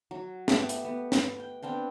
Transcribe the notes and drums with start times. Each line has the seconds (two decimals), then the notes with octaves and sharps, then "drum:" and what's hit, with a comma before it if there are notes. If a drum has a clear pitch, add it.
0.11 F#3
0.48 A3 B3 G4, drum: snare
0.69 drum: hi-hat
0.85 B3
1.12 drum: snare
1.40 G5
1.63 B3 C4 D4 G5